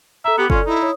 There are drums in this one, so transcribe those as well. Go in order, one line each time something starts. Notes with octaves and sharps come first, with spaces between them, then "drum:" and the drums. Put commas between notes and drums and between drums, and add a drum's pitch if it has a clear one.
A4 E5 A#5
B3 G4 C#7
C#4 F4 A4 D5, drum: kick F#1
D#4 E4
C#5 D#6